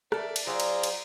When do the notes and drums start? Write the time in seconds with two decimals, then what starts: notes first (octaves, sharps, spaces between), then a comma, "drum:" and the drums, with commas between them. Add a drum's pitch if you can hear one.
0.12 A4 A#4 D5 E5, drum: rim click
0.36 drum: cymbal
0.47 F#3 F4 G#4 C5 D5 A#5
0.60 drum: cymbal
0.83 drum: cymbal